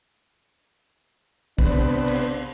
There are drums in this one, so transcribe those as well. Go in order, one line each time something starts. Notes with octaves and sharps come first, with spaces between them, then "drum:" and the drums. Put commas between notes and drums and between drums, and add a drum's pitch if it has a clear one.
C3 B3 D4, drum: kick
drum: cymbal